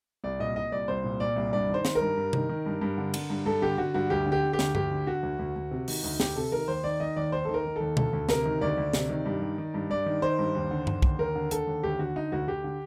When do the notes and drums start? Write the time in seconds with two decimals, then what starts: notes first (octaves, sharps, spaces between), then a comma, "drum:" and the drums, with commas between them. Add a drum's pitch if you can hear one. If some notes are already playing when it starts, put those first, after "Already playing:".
0.24 C2 D5
0.40 A#2 D#5
0.56 A#2 D#5
0.72 C2 D5
0.88 C2 C5
1.04 A#2
1.20 A#2 D5
1.36 C2
1.53 G2 D5
1.69 D#3 C5
1.85 D#3, drum: snare
1.95 A#4
2.01 G2
2.17 G2
2.33 D#3, drum: tom C3
2.49 D#3
2.66 G2
2.81 G2
2.98 D3
3.14 D3, drum: cymbal
3.30 G2
3.46 G2 A4
3.62 D3 G4
3.78 D3 F#4
3.94 G2 F#4
4.10 D2 G4
4.26 D3
4.32 G4
4.43 D3
4.53 G4
4.59 D2, drum: snare
4.75 D2 G4, drum: tom G2
4.91 D3
5.07 D3 F#4
5.23 D2
5.39 D2
5.56 D2
5.71 C3
5.88 D#3, drum: open hi-hat
6.03 D2 D#4
6.20 D2 G4, drum: snare
6.36 C3 A4
6.52 D#3 A#4
6.68 D#2 C5
6.84 D#3 D5
7.00 D#3 D#5
7.16 D#2 D5
7.32 D#2 C5
7.45 D#3 A4
7.54 A#4
7.65 D#3
7.76 D#2 A4
7.97 D2 A4, drum: tom B2
8.13 D2
8.29 C3 A#4, drum: snare
8.45 D#3
8.61 D2 D5
8.77 D2
8.93 C3, drum: snare
9.09 D#3
9.25 G2
9.42 D#3
9.58 D#3
9.74 G2
9.90 G2 D5
10.06 D#3
10.22 D#3 C5
10.39 G2
10.55 D#2
10.71 D3
10.87 D3, drum: tom G2
11.02 D#2, drum: kick
11.19 D#2 A#4
11.35 D3
11.51 D3 A4, drum: hi-hat
11.67 D#2
11.83 D2 G4
11.99 D3 F#4
12.16 D3 D#4
12.32 D2 F#4
12.48 D2 G4
12.64 D3